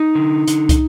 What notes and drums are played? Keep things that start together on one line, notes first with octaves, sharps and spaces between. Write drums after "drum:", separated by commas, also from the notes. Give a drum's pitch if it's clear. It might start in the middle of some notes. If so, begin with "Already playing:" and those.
Already playing: D#4
D3
D3, drum: hi-hat
drum: kick, hi-hat